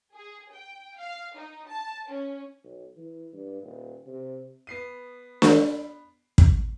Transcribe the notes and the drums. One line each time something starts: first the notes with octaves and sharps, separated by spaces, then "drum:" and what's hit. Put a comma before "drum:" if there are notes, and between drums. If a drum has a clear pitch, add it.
G#4
G5
F5
D#4
A5
C#4
B1
E3
G2
D#1
C3
B3 C7 D#7
drum: snare
drum: kick